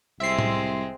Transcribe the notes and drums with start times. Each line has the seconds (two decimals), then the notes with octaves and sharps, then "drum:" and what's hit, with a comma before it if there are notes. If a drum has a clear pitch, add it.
0.20 C2 G#3 C4 E5 C7
0.39 drum: tom A2